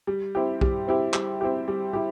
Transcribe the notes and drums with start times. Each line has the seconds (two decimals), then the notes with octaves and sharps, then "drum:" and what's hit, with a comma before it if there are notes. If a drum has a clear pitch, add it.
0.07 G3
0.35 C4 E4 G4
0.61 G3, drum: kick
0.87 C4 E4 G4
1.14 G3, drum: clap
1.41 C4 E4 G4
1.68 G3
1.93 E4 G4